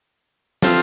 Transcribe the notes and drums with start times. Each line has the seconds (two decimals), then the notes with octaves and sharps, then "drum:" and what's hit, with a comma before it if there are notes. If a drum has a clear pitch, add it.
0.62 F3 C4 F4 A4, drum: snare